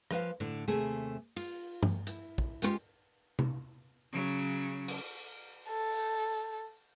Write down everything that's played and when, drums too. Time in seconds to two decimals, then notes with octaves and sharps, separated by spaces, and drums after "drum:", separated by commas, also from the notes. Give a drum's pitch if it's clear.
0.11 F3 B4 E5 F5, drum: rim click
0.40 A2 D3 D4
0.67 D#2 C3 A3 G#4
1.36 F4, drum: cymbal
1.83 drum: tom G2
2.07 E4, drum: hi-hat
2.38 drum: kick
2.62 G#3 B3 C#4 D#4 F4 G4, drum: hi-hat
3.39 drum: tom C3
4.12 C#3 F#3
4.88 drum: cymbal
5.69 A4
5.93 drum: open hi-hat